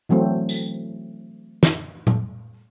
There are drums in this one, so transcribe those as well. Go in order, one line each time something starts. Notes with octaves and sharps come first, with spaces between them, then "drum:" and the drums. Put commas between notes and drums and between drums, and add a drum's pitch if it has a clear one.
E3 F#3 A3 C4
drum: tambourine
drum: snare
drum: tom A#2